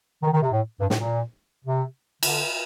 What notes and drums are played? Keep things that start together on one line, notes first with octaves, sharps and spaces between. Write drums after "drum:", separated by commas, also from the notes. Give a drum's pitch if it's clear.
D#3
D#3
C3
A2
G2
A2, drum: snare
A#2
C3
D3, drum: cymbal